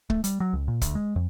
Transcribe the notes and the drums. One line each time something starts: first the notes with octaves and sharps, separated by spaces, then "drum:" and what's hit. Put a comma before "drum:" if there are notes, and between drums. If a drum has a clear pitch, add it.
A3, drum: kick
G3, drum: hi-hat
F#3
C#2
A#2
D2, drum: kick, hi-hat
G#3
F2